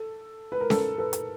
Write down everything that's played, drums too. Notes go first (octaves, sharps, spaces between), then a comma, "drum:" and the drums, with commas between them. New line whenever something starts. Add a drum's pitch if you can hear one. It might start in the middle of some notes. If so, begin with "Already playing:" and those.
Already playing: A4
B4
A#4
A4, drum: snare C#4
A4 B4
drum: hi-hat